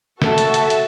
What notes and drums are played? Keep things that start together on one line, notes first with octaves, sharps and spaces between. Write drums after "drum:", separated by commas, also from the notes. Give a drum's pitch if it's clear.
F#4 A4 E5 A5, drum: snare
drum: hi-hat
drum: hi-hat
drum: hi-hat